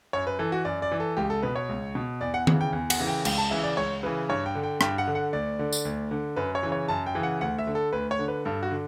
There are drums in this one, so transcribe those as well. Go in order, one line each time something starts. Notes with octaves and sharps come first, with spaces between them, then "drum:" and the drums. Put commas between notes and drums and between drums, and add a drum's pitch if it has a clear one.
F#2 C#5
B4
E3 A4
F#4
F#2 D5
D5
E3
A4
C#2 G4
A4
B2 B4
C#5
C#2
B2
E2 D5
F#5
C#3 E3 F#5, drum: tom D#3
G5
E2
F#5, drum: cymbal
C#3 E3
G5
C#2 G5, drum: cymbal
A5
C#3 E3 E5
D5
C#2 C#5
C#3 E3 B4
G2 C#5
G5
D3
G5
G2 G5, drum: rim click
F#5
D3
F#5
D2 D5
D3
drum: tambourine
D2
D3
F#2 B4
C#5
C#3 E3
C#5
F#2 A5
G5
C#3 E3
F#5
D2 F#5
E5
D3
A4
D2 B4
C#5
D3
B4
G2 A4
F#4
D3